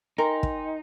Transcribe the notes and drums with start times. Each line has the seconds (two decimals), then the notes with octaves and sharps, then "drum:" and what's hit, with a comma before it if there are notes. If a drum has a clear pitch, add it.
0.18 D#4 A#4 G5 G#5 C6
0.43 drum: kick